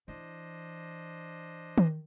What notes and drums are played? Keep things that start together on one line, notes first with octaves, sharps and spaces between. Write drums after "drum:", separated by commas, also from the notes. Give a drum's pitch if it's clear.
E3 D4 C5 D#5
drum: tom D#3